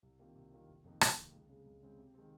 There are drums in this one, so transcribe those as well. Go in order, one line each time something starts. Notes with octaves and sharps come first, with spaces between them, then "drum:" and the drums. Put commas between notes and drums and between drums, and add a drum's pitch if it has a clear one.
C2
C3 D#3 A#3 F4
C2
C3 D#3 A#3 F4
F1
F2 D#3 A#3 D#4
F1, drum: rim click
F2 D#3 A#3 D#4
C#2
C#3 G#3 C4
C#2
C#3 G#3 C4
C3
D#3 G#3 C4